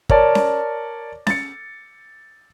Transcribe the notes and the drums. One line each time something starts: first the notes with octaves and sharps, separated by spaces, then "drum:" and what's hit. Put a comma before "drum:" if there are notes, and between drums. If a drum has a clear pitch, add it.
A#4 C#5 D5 A5, drum: kick
drum: snare C#4
A6 C#7, drum: snare C#4